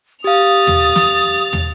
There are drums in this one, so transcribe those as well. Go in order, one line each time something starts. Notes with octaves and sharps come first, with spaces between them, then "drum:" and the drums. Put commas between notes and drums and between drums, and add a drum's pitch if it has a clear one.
G4 F5 D#6 A6 F7
drum: tom
drum: snare
drum: tom